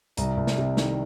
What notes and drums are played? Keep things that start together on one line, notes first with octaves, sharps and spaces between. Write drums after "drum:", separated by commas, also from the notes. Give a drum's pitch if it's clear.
C2 A#5, drum: hi-hat
C2
drum: snare
C3
D#3, drum: snare